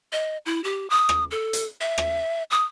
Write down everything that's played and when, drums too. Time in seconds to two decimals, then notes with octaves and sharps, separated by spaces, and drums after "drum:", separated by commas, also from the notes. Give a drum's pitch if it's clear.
0.13 D#5
0.46 E4
0.64 G4
0.90 D#6
1.09 drum: rim click
1.31 A4
1.53 drum: hi-hat
1.81 E5
1.98 drum: rim click
2.51 D#6